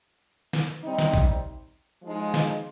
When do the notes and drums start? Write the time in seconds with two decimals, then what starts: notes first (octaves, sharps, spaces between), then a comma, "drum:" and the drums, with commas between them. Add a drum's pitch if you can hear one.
0.53 drum: snare
0.84 C3 G3 C4 D#4
0.99 drum: snare
1.14 drum: kick
2.04 F3 G#3 D#4
2.34 drum: snare